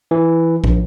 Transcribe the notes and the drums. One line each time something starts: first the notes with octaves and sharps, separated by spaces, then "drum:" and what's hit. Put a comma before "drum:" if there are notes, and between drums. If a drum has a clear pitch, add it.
E3
A#1, drum: kick